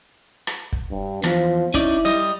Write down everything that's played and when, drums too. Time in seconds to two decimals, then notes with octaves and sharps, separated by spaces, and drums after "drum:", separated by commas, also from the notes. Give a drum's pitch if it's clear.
0.47 drum: rim click
0.73 drum: kick
0.91 G2
1.24 E2 F3, drum: rim click
1.74 C#4 D#4 E4 D5, drum: kick
2.05 G3 D#5